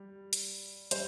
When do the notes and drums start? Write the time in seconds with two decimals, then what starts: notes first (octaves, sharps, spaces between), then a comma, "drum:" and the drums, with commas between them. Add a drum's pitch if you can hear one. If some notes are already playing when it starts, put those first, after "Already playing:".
Already playing: G3
0.33 drum: hi-hat
0.91 G3 C5, drum: hi-hat